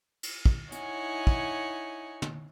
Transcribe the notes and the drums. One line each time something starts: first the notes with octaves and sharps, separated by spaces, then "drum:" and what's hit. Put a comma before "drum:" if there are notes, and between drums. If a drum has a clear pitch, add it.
drum: cymbal
drum: kick
D#4 E4 C#5 F#5 G#5, drum: hi-hat
drum: kick
drum: tom